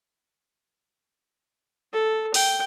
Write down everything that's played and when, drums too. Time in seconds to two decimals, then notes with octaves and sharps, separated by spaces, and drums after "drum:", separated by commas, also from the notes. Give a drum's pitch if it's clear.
1.93 A4
2.34 G5, drum: open hi-hat